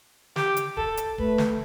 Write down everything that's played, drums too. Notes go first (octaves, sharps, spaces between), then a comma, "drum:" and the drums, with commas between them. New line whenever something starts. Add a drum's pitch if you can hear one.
G4, drum: snare
drum: hi-hat
A4, drum: kick D1
drum: hi-hat
A3 B4, drum: kick D1
drum: snare